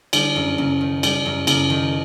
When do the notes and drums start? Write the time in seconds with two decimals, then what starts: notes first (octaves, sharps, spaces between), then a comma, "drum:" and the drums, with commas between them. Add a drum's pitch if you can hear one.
0.13 D3 G3, drum: cymbal
0.36 F#2
0.58 F#2 C#3
0.81 D#3
1.03 G3, drum: cymbal
1.26 F#2
1.47 F#2 C#3, drum: cymbal
1.70 D#3